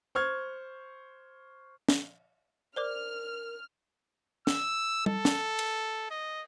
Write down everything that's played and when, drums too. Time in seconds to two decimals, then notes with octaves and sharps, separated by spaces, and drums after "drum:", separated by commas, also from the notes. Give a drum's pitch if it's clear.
0.15 C5 C#6 F6 G#6
1.89 drum: snare
2.76 A#4 C5 D5 D6 F6
4.47 E6, drum: snare
5.06 A4, drum: tom G3
5.25 drum: snare
5.59 drum: cymbal
6.11 D#5